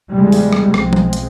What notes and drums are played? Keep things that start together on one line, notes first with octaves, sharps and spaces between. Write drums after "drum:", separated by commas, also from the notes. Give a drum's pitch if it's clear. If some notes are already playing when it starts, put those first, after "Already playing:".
E2 C#3 E3 G3 G#3
drum: open hi-hat
drum: rim click
B1 F3 G#3 C4, drum: rim click
drum: tom F#3
drum: hi-hat